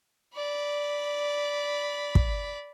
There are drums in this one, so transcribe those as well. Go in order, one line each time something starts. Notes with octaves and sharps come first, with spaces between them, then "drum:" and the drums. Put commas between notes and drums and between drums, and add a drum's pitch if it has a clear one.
D5 B5
drum: kick